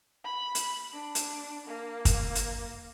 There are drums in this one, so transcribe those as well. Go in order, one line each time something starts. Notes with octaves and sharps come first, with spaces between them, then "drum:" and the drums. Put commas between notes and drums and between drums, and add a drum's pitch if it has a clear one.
B5
drum: hi-hat
D4
drum: hi-hat
A#3
drum: kick, hi-hat
drum: hi-hat